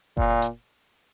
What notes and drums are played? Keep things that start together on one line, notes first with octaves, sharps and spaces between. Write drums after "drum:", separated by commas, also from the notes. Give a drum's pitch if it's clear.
A#2, drum: kick F#1
drum: hi-hat